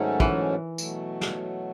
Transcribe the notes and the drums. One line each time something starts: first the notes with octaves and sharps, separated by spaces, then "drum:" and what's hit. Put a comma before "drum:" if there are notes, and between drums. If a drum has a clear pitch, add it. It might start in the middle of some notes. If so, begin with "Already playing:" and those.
Already playing: G#2 D#3 F#3 A3 C#4
E3, drum: kick
B2 F#3 A3, drum: tambourine
drum: snare